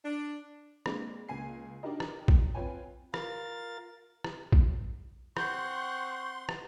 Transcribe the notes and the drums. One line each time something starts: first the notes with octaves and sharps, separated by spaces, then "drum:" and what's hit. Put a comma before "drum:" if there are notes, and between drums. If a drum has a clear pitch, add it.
D4
G#3 A#3 C4 D4, drum: rim click
C#2 A#3 G#5 C7
D4 D#4 F#4 G4 A#4 D#5
drum: rim click
drum: kick
C4 F4 B4 C#5 G5 G#5
F4 A#4 F5 A6, drum: rim click
drum: rim click
drum: kick
C4 F#5 C6 C#6 G6, drum: rim click
drum: rim click